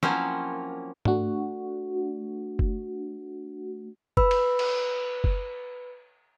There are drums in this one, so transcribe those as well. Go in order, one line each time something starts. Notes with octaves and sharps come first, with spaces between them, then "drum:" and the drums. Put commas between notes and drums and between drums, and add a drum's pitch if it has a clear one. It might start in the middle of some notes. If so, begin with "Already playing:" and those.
F3 F#3 A#3 C4 C#4 E4, drum: snare
A3 D4 F#4, drum: tom
drum: kick F#1
B4 B5 E6, drum: kick F#1
drum: cymbal
drum: cymbal
drum: kick F#1